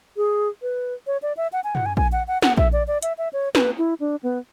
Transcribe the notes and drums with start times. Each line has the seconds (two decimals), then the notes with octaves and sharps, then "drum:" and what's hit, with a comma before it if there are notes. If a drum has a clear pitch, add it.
0.17 G#4
0.62 B4
1.07 C#5
1.22 D5
1.37 E5
1.53 F#5
1.64 G#5
1.75 F#5, drum: tom
1.86 G#5
1.97 G#5, drum: kick A#1
2.12 F#5
2.28 F#5
2.42 F#5, drum: snare
2.57 E5, drum: kick A#1
2.73 D5
2.88 D5
3.02 E5, drum: hi-hat
3.18 E5
3.33 C#5
3.55 B4, drum: snare
3.78 E4
4.00 D4
4.23 B3